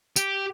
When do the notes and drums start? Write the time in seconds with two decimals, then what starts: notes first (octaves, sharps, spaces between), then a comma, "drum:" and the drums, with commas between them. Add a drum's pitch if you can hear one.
0.16 G4, drum: tambourine